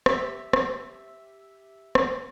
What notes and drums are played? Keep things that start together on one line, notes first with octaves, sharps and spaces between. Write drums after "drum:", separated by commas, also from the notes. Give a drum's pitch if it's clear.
G4 E5 E6, drum: rim click
drum: rim click
drum: rim click